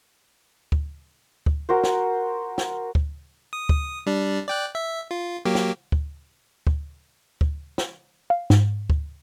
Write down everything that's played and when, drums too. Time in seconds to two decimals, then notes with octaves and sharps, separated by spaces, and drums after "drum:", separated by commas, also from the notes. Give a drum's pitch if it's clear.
0.72 drum: kick D2
1.46 drum: kick D2
1.69 F#4 A#4 C5
1.84 drum: snare
2.58 drum: snare
2.95 drum: kick D2
3.53 D#6
3.69 drum: kick D2
4.07 G3 D4
4.48 D5 G5 F#6
4.75 E5
5.11 F4
5.45 F#3 A#3 G4
5.55 drum: snare
5.92 drum: kick D2
6.67 drum: kick D2
7.41 drum: kick D2
7.78 drum: snare
8.30 F5
8.50 G#2, drum: snare
8.90 drum: kick D2